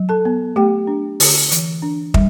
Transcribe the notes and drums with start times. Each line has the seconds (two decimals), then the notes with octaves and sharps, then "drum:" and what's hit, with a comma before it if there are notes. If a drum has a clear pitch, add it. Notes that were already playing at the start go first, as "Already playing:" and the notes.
Already playing: F#3
0.09 A4 A5
0.25 B3
0.56 A3 G4 G5
0.87 D4
1.20 D3, drum: open hi-hat
1.51 E3, drum: hi-hat
1.82 D4
2.14 G3, drum: kick